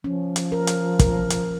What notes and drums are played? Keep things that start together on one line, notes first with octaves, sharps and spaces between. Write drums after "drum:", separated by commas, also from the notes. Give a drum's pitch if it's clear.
F3 C#4
drum: hi-hat
A#4
drum: hi-hat
A#4, drum: kick, hi-hat
drum: hi-hat